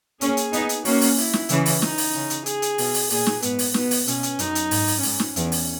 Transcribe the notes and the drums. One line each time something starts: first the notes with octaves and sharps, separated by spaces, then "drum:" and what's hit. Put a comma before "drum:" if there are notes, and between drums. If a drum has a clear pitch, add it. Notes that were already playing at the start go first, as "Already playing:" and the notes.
A#3 C#4 G#4, drum: hi-hat
drum: hi-hat
B3 D#4, drum: hi-hat
drum: hi-hat
A#3 C#4 F#4, drum: open hi-hat
drum: open hi-hat
E4, drum: open hi-hat
drum: snare
C#3 E3, drum: hi-hat
drum: open hi-hat
D#4, drum: snare
drum: open hi-hat
C#3
drum: hi-hat
G#4, drum: hi-hat
drum: hi-hat
B2, drum: open hi-hat
drum: open hi-hat
A#2 G#4, drum: open hi-hat
drum: snare
G#2 B3, drum: hi-hat
drum: open hi-hat
B2 B3, drum: snare
drum: open hi-hat
B2 C#4, drum: hi-hat
drum: hi-hat
F#2 D#4, drum: hi-hat
drum: hi-hat
G#2, drum: open hi-hat
drum: open hi-hat
G#2 C#4, drum: open hi-hat
drum: snare
E2, drum: hi-hat
drum: open hi-hat